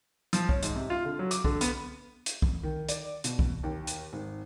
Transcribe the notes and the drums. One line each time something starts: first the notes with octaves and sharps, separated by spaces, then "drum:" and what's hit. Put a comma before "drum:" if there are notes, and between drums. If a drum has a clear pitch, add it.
F3, drum: hi-hat
C#5, drum: kick
G#2, drum: hi-hat
C3
F4
D3
F#3
D6, drum: hi-hat
D3, drum: kick
B3, drum: hi-hat
drum: hi-hat
drum: kick
D#3
D5, drum: hi-hat
B2, drum: hi-hat
drum: kick
D#2
drum: hi-hat
G#1